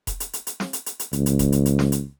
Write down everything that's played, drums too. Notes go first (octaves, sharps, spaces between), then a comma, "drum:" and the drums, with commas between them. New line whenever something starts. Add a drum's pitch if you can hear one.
drum: kick E1, hi-hat
drum: hi-hat
drum: hi-hat
drum: hi-hat
drum: snare
drum: hi-hat
drum: hi-hat
drum: hi-hat
C#2, drum: hi-hat
drum: hi-hat
drum: kick E1, hi-hat
drum: hi-hat
drum: hi-hat
drum: snare
drum: hi-hat